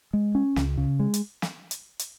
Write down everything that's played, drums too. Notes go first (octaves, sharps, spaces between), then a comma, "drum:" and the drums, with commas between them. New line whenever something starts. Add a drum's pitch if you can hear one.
G#3
C#4
C#2, drum: snare
C#3
G#3
drum: hi-hat
drum: snare
drum: hi-hat
drum: hi-hat